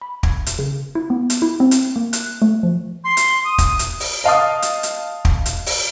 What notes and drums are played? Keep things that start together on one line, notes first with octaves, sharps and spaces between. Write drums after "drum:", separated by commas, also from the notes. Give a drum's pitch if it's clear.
B5
G#6, drum: kick
drum: hi-hat
C#3
E4
B3
drum: hi-hat
E4
C4
drum: hi-hat
A#3
F#6, drum: hi-hat
A3
F3
C6
drum: hi-hat
D#6
drum: kick, hi-hat
drum: hi-hat
drum: open hi-hat
D#5 F5 A5 D#6
drum: hi-hat
drum: hi-hat
drum: kick
drum: hi-hat
drum: open hi-hat